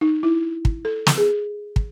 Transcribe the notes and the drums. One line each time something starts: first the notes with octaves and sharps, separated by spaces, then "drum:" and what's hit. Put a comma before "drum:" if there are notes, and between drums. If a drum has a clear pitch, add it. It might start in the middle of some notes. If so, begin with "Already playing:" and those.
D#4
E4
drum: kick
A4
drum: snare
G#4
drum: kick